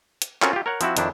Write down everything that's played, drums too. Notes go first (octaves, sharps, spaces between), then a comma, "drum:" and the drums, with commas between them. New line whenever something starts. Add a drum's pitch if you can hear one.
drum: hi-hat
C4 C#4 F4 F#4 A4 A#4, drum: clap
F4 G4
A#4 C#5 F#5
F3 C4 E4 F#4, drum: hi-hat
F2 D#3 D4 E4 C5, drum: hi-hat